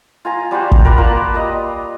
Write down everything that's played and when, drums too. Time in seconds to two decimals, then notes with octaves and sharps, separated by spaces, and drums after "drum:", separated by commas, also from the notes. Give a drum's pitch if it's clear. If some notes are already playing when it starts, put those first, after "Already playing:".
0.25 F4 G#5 A#5
0.51 G3 F4 F#4 C5
0.72 drum: kick
0.85 A#4 B4 D5 F#5
0.98 A#3 F4 B4 A5
1.34 G3 D#5 A#5